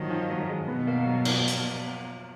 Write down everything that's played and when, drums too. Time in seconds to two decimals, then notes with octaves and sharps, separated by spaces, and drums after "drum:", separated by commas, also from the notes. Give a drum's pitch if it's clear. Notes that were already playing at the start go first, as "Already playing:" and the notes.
Already playing: D#3 F3 F#3 A#3
0.10 F3
0.30 F#3
0.49 G#3
0.68 B2 B3
0.87 A#3
1.06 F#3
1.25 F3, drum: cymbal
1.48 drum: hi-hat